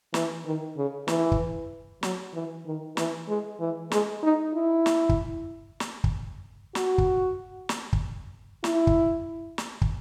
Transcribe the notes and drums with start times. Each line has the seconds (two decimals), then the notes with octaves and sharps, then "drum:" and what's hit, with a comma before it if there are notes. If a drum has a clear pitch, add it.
0.14 E3, drum: snare
0.46 D#3
0.77 C#3
1.08 E3, drum: snare
1.32 drum: kick
2.03 F#3, drum: snare
2.34 E3
2.66 D#3
2.97 E3, drum: snare
3.28 G#3
3.60 E3
3.91 G#3, drum: snare
4.23 D#4
4.54 E4
4.86 drum: snare
5.09 drum: kick
5.80 drum: snare
6.04 drum: kick
6.75 F#4, drum: snare
6.98 drum: kick
7.69 drum: snare
7.93 drum: kick
8.64 E4, drum: snare
8.87 drum: kick
9.58 drum: snare
9.82 drum: kick